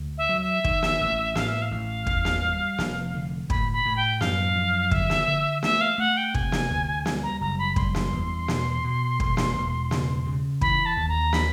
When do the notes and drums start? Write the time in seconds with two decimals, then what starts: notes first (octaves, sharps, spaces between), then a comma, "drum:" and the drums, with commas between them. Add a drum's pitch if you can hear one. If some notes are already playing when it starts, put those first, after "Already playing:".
Already playing: D2
0.18 E5
0.29 F#3
0.41 E5
0.64 D#3, drum: kick
0.82 drum: snare
1.01 A1
1.35 A2 F5, drum: snare
1.49 E5
1.62 F5
1.71 A1
2.07 E2, drum: kick
2.25 drum: snare
2.43 G3
2.78 F1, drum: snare
3.14 D3
3.50 A2 B5, drum: kick
3.73 B5
3.86 A2
3.96 G5
4.21 F#2 F5, drum: snare
4.56 F3
4.91 D3 E5, drum: kick
5.10 drum: snare
5.28 D3
5.63 A3 E5, drum: snare
5.81 F5
5.98 A3 F#5
6.17 G5
6.34 C3 G#5, drum: kick
6.52 drum: snare
6.71 D2
7.06 G3, drum: snare
7.23 A#5
7.41 F#1 A#5
7.58 B5
7.76 G3 C6, drum: kick
7.95 drum: snare
8.12 E2
8.48 B2, drum: snare
8.84 B2
9.20 E1, drum: kick
9.37 drum: snare
9.55 E1
9.91 C#3, drum: snare
10.26 C#3
10.61 E3 B5, drum: kick
10.86 A5
10.97 D#2
11.08 A#5
11.33 D#3 B5, drum: snare